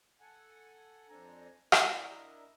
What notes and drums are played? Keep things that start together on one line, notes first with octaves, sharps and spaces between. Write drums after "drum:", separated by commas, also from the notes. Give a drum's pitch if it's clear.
A4 F#5 G#5
F2 C4 D4 A4 G#5 A#5
D4 E4 A#4 D#5 E5, drum: rim click